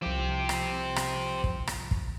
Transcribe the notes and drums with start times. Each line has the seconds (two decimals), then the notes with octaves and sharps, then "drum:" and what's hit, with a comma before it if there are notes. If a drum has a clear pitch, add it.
0.02 C2 F3 C4 G4
0.49 drum: rim click
0.96 drum: rim click
1.44 drum: kick
1.67 drum: rim click
1.91 drum: kick